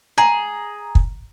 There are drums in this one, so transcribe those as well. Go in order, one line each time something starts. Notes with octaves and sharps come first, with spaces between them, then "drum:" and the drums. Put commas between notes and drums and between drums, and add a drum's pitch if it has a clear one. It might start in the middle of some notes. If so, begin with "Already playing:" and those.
G#4 A#5
drum: kick